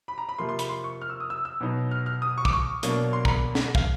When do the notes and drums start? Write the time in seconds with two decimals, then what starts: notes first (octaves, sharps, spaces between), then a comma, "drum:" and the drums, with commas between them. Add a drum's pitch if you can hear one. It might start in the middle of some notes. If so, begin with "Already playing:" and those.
0.08 B5
0.18 A#5
0.29 B5
0.38 C3 F3 A#3 C6
0.49 C6
0.59 B5, drum: hi-hat
0.69 C6
0.84 C#6
1.01 F6
1.10 E6
1.20 D#6
1.30 E6
1.45 E6
1.61 B2 F#3 B3 D#4
1.91 F6
2.06 F6
2.22 D#6
2.38 C#6
2.45 D6, drum: kick
2.53 C#6
2.83 B2 F#3 A#3 D4, drum: hi-hat
3.13 C6
3.25 A#5, drum: kick
3.28 B5
3.55 drum: snare
3.75 F5, drum: kick